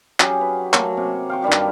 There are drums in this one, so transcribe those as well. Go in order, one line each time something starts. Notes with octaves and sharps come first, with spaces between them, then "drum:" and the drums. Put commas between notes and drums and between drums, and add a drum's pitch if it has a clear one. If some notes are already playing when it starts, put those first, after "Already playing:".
F#3 C#4 G4 G#4, drum: clap
B4
F#3 A3 A#3, drum: clap
C3
F5 G5 C#6
G2 D#3 G3 G4
drum: clap